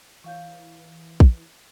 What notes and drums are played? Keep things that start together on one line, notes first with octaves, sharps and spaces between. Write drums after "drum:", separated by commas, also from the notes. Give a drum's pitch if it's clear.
E3 C#5 F5 C#6
drum: kick